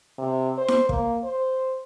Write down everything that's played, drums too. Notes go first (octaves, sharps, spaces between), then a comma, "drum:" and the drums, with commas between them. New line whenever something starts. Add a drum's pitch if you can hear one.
C3
C5
drum: snare E4
A#3, drum: kick
C5